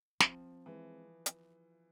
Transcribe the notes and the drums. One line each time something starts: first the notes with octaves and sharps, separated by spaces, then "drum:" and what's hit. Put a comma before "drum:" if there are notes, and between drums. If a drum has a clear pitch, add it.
F3 C4, drum: snare
E3 G#3
drum: hi-hat